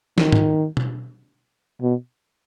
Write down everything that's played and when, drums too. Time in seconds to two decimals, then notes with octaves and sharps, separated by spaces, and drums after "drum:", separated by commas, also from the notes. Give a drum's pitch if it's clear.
0.18 D#3, drum: snare
0.32 drum: tom G#2
0.77 drum: tom B2
1.81 B2